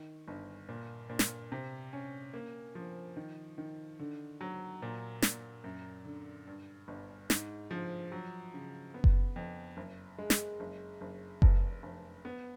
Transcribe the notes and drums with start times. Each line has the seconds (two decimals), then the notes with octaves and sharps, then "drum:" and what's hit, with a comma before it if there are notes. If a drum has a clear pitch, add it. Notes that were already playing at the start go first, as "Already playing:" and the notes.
Already playing: D#3
0.28 G1
0.69 A#2
1.10 A#2
1.19 drum: snare
1.52 C3
1.93 C#4
2.34 A#3
2.75 F3
3.17 D#3
3.58 D#3
3.99 D3
4.41 F#3
4.82 A#2
5.22 A#2, drum: snare
5.64 F#2
6.05 D3
6.47 G2
6.88 G1
7.30 G#2, drum: snare
7.71 F3
8.12 F#3
8.54 C#3
8.94 B3
9.04 drum: kick F#1
9.36 F2
9.77 F#1
10.19 G#3
10.30 drum: snare
10.60 F#1
11.01 F#1
11.42 F1, drum: kick F#1
11.83 F1
12.25 B3